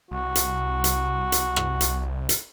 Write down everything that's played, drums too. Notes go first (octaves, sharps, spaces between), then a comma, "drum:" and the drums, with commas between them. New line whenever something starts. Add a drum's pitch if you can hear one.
C2 F#4
drum: hi-hat
drum: hi-hat
drum: hi-hat
drum: rim click
drum: hi-hat
drum: hi-hat